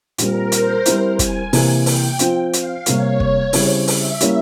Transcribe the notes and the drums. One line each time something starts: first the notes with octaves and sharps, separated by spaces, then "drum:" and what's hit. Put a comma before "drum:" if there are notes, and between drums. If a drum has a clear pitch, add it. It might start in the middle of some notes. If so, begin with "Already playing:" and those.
A#2 G3 C4 A#4, drum: hi-hat
C5, drum: hi-hat
G3 C4 E4 A#5, drum: hi-hat
G#5, drum: kick, hi-hat
C3 E3 A#3, drum: open hi-hat
G5, drum: open hi-hat
F3 C4 F4, drum: hi-hat
F5, drum: hi-hat
C3 G3 A#3 C#5, drum: hi-hat
drum: kick
C#3 G3 C4 E4 C5, drum: open hi-hat
E5, drum: open hi-hat
G3 A#3 C#4 E4, drum: hi-hat